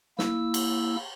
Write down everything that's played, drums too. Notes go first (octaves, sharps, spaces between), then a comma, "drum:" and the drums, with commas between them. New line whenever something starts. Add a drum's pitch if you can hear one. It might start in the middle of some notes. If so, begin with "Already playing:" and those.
A#3 E4 E6, drum: snare
drum: cymbal